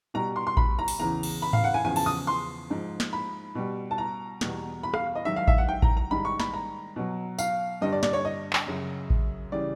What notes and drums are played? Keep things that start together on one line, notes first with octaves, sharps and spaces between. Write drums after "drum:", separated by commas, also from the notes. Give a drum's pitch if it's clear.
B2 G3 A#5
C6
C6
B5, drum: kick A1
A#5
drum: open hi-hat
E2 C#3 E3 A#5
drum: cymbal
B5
F5, drum: tom G#2
F#5
G#5
E2 C#3 F3 G#5
A5, drum: cymbal
D#6
C6
G#2 F3
drum: snare
B5
B2 G3
A5
A#5
E2 B2 G3, drum: snare
B5
F5, drum: rim click
D#5
G#2 D#3 F#3 E5
F5
E5, drum: kick A1
F#5
G5
A#5, drum: kick A1
A#5
G#2 D#3 G3 B5
C#6
B5, drum: snare
A#5
B2 F#3
F5, drum: tambourine
G2 D3 G3 D#5
D5
D5, drum: snare
C#5
D#5
drum: clap
F#2 C#3 F#3
drum: kick A1
C#3 E3 G3 D5